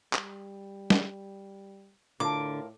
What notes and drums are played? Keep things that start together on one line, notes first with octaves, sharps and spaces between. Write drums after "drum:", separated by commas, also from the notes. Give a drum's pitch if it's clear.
G3, drum: clap
drum: snare
A2 D3 F4 A#4 A5 D6